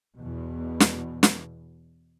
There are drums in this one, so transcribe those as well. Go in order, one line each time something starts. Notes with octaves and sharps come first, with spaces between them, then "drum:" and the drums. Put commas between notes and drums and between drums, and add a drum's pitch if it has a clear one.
E2 B2
drum: snare
drum: snare